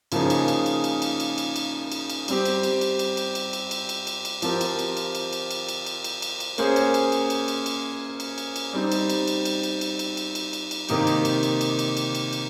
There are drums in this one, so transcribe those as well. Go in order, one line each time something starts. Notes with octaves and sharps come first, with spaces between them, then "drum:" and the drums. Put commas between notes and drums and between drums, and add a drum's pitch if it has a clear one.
C#3 F3 A#3 D#4 G#4, drum: cymbal
drum: cymbal
drum: cymbal
drum: cymbal
drum: cymbal
drum: cymbal
drum: cymbal
drum: cymbal
drum: cymbal
drum: cymbal
drum: cymbal
G3 C4 G4, drum: cymbal
drum: cymbal
drum: cymbal
drum: cymbal
drum: cymbal
drum: cymbal
drum: cymbal
drum: cymbal
drum: cymbal
drum: cymbal
drum: cymbal
drum: cymbal
F3 C4 G4 A#4, drum: cymbal
drum: cymbal
drum: cymbal
drum: cymbal
drum: cymbal
drum: cymbal
drum: cymbal
drum: cymbal
drum: cymbal
drum: cymbal
drum: cymbal
drum: cymbal
A#3 C#4 G#4 C5, drum: cymbal
drum: cymbal
drum: cymbal
drum: cymbal
drum: cymbal
drum: cymbal
drum: cymbal
drum: cymbal
drum: cymbal
drum: cymbal
G3 C4 D#4
drum: cymbal
drum: cymbal
drum: cymbal
drum: cymbal
drum: cymbal
drum: cymbal
drum: cymbal
drum: cymbal
drum: cymbal
drum: cymbal
drum: cymbal
C3 D#3 A#3 D#4 G4, drum: cymbal
drum: cymbal
drum: cymbal
drum: cymbal
drum: cymbal
drum: cymbal
drum: cymbal
drum: cymbal
drum: cymbal